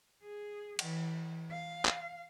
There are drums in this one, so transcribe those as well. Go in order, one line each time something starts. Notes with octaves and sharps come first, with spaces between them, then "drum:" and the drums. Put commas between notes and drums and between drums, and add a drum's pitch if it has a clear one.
G#4
E3, drum: cymbal
F5
drum: clap